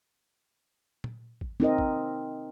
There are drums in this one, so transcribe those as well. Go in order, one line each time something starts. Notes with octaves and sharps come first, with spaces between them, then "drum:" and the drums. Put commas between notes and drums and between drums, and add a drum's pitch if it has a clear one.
drum: tom
drum: kick A1
C4 D#4 A#4 D#5
drum: kick A1